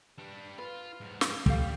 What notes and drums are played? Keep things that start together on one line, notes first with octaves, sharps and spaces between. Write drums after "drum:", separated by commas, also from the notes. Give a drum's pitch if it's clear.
G3 D4
F4 B4
G#2 F#3
drum: snare
G3 G4 A4 F5, drum: kick